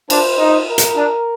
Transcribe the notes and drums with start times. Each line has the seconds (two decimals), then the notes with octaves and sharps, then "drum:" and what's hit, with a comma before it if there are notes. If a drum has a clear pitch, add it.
0.10 D4 C5, drum: cymbal
0.38 D#4
0.67 A#4
0.78 drum: hi-hat
0.96 D4